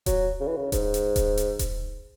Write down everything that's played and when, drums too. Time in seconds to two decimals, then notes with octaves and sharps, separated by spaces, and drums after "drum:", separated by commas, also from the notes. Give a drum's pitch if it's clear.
0.06 F#3, drum: kick D#1, hi-hat
0.40 C#3
0.47 E3
0.56 C#3
0.72 G#2, drum: kick D#1, hi-hat
0.94 drum: hi-hat
1.16 drum: kick D#1, hi-hat
1.37 drum: hi-hat
1.59 drum: kick D#1, hi-hat